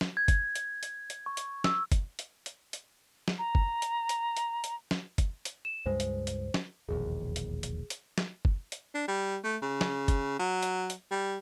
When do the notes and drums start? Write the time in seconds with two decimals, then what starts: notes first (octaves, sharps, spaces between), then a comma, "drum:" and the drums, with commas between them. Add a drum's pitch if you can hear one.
0.01 drum: snare
0.17 G#6
0.28 drum: kick F#1, hi-hat
0.55 drum: hi-hat
0.83 drum: hi-hat
1.10 drum: hi-hat
1.26 C#6
1.37 drum: hi-hat
1.64 E6, drum: snare
1.92 drum: kick F#1, hi-hat
2.19 drum: hi-hat
2.46 drum: hi-hat
2.73 drum: hi-hat
3.28 drum: snare
3.39 A#5
3.55 drum: kick F#1
3.82 drum: hi-hat
4.09 drum: hi-hat
4.37 drum: hi-hat
4.64 drum: hi-hat
4.91 drum: snare
5.18 drum: kick F#1, hi-hat
5.45 drum: hi-hat
5.65 E7
5.86 C#2 G2 G#3 C5
6.00 drum: hi-hat
6.27 drum: hi-hat
6.54 drum: snare
6.89 E1 A#1 D#2 G#4
7.36 drum: hi-hat
7.63 drum: hi-hat
7.90 drum: hi-hat
8.18 drum: snare
8.45 drum: kick F#1
8.72 drum: hi-hat
8.94 D4
9.08 G3
9.44 A3
9.62 C#3
9.81 drum: snare
10.08 drum: kick F#1, hi-hat
10.39 F#3
10.63 drum: hi-hat
10.90 drum: hi-hat
11.11 G3